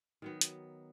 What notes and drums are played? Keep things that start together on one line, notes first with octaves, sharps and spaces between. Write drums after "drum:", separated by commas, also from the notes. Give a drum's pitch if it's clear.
D#3 F#3 B3
drum: hi-hat